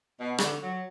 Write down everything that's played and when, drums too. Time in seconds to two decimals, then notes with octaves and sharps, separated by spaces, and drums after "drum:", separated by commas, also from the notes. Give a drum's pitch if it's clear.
0.20 B2
0.38 D3, drum: rim click
0.62 F#3